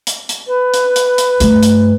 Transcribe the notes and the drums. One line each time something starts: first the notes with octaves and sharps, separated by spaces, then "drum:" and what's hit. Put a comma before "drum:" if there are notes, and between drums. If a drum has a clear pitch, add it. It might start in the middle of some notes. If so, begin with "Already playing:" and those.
drum: hi-hat
drum: hi-hat
B4
drum: hi-hat
drum: hi-hat
drum: hi-hat
G2 A3, drum: hi-hat
drum: hi-hat